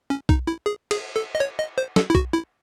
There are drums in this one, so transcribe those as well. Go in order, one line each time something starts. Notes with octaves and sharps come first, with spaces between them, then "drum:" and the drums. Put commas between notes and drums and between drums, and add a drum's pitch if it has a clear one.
C#4
D#4, drum: kick B1
E4
G#4
G#4, drum: cymbal
A4
D#5
C#5
D#5
C5
A4, drum: snare
E4
F#4, drum: kick B1
E4